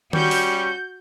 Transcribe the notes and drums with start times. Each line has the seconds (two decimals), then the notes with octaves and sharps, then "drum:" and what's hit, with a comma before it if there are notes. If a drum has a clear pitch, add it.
0.13 G3 C#4 F#4 C#6 G6, drum: tom D#3
0.31 drum: open hi-hat